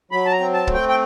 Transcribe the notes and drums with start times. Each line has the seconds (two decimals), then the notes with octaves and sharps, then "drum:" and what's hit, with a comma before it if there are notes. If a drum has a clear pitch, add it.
0.11 F#3 B5
0.25 A5
0.32 A#5
0.40 C4
0.54 A5
0.67 A3, drum: kick
0.74 G5
0.89 G5